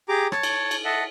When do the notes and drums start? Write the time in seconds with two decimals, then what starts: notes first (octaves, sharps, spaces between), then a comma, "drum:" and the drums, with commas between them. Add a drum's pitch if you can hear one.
0.09 G4 G#4 A#5 D6
0.32 C#5 A5, drum: rim click
0.43 drum: cymbal
0.71 drum: cymbal
0.85 A4 D#5 E5 F#5 A5